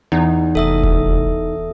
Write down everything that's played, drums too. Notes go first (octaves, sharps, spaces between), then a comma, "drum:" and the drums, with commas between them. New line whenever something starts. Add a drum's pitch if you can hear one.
E2 D#4
F1 A4 E5 D#6
drum: kick D#1